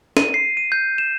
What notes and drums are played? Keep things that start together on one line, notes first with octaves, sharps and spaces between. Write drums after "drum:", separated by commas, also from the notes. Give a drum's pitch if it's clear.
D#7, drum: snare
C7
D#7
G6
E7